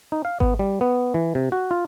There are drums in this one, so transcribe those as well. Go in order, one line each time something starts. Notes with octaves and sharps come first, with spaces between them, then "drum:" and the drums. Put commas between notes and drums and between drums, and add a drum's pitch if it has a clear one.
D#4
F5
B3, drum: kick G#1
G3
B3
E3
C3
F#4
F4